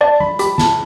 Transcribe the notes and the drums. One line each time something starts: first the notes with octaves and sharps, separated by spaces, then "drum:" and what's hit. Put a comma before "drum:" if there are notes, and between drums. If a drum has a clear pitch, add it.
D5 A5
B5, drum: tom F#3
G4 B5, drum: hi-hat
A5, drum: snare